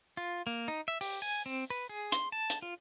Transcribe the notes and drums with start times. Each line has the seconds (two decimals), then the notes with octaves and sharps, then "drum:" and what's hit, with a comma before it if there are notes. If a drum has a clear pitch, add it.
0.17 F4
0.47 A#3
0.68 D#4
0.88 E5
1.01 G4, drum: open hi-hat
1.22 G#5
1.46 C4
1.70 B4
1.89 G#4
2.12 C6, drum: hi-hat
2.32 A5
2.50 drum: hi-hat
2.62 F4